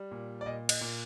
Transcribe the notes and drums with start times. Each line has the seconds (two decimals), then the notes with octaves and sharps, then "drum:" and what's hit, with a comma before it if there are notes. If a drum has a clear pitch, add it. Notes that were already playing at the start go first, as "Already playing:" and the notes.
Already playing: G3
0.11 A#2
0.41 D5
0.46 A#2 D#5
0.69 D#5, drum: cymbal
0.81 A#2